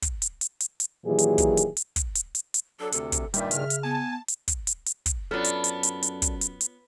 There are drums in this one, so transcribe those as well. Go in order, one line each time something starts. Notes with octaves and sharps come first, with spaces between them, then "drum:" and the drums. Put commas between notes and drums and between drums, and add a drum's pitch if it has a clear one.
drum: kick, hi-hat
drum: hi-hat
drum: hi-hat
drum: hi-hat
drum: hi-hat
A#2 D#3 E3 F#3 G4 G#4
drum: hi-hat
drum: kick, hi-hat
drum: hi-hat
drum: hi-hat
drum: kick, hi-hat
drum: hi-hat
drum: hi-hat
drum: hi-hat
F#3 D4 A4
D2 C3 A4, drum: hi-hat
drum: kick, hi-hat
G2 A#2 D#3 G3 E5, drum: hi-hat
C#3 F6, drum: hi-hat
drum: hi-hat
B3 G#5 A5
drum: hi-hat
drum: kick, hi-hat
drum: hi-hat
drum: hi-hat
drum: kick, hi-hat
F#2 B3 D4 F4 A4 C#5 F6
drum: hi-hat
drum: hi-hat
drum: hi-hat
drum: hi-hat
drum: kick, hi-hat
drum: hi-hat
drum: hi-hat